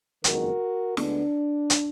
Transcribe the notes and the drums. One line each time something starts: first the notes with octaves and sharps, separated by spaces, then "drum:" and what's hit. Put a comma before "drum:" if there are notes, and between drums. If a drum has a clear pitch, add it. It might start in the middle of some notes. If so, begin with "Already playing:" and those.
F#1 F2 D#3 G#3 B3 F#4 A#4, drum: hi-hat
D2 D3 G#3 B3 D4, drum: snare
drum: hi-hat